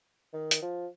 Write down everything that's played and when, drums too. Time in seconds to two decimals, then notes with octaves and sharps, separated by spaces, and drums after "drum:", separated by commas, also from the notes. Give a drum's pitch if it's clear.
0.33 D#3
0.51 drum: hi-hat
0.62 F3